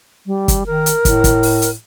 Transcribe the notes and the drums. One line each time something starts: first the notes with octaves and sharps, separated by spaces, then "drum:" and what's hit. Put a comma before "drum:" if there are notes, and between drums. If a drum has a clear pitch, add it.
G3
drum: kick, hi-hat
D#3 A#4
drum: hi-hat
A2, drum: kick, hi-hat
drum: kick, hi-hat
drum: open hi-hat
drum: hi-hat